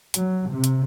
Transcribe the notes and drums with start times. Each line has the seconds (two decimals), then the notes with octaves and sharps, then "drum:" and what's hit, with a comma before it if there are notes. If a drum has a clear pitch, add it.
0.14 F#3, drum: hi-hat
0.49 C3
0.64 drum: hi-hat